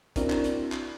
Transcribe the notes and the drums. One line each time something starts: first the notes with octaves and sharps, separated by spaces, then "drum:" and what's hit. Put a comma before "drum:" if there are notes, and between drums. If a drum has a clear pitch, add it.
C4 D4 E4 F#4 A#4 D5, drum: kick, hi-hat
drum: clap
drum: hi-hat
drum: clap